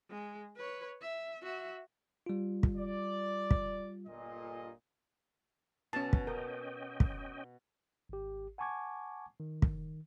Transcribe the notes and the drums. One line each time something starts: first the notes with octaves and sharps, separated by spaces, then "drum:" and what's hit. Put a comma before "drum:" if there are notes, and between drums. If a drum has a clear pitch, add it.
G#3
B4 C#5
E5
F#4 E5
G3 F4
drum: kick
D5
drum: kick
G1 A#2 D#5
B2 C#4 A5
drum: kick
C#4 A#4 D#5 G5
drum: kick
G#1 G4
F#5 G#5 A5 C#6 D6 G#6
D#3
drum: kick